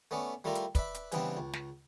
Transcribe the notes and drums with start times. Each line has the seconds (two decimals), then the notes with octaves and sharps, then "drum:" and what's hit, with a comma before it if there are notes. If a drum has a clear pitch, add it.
0.11 A3 B3 C#4 D5
0.44 G3 A3 E4 F4 A#4 D5
0.55 drum: hi-hat
0.75 B4 D5 E5 B5, drum: kick, hi-hat
0.94 drum: hi-hat
1.12 C#3 E3 G3 B3 C4 D4, drum: hi-hat
1.37 C#2
1.53 drum: snare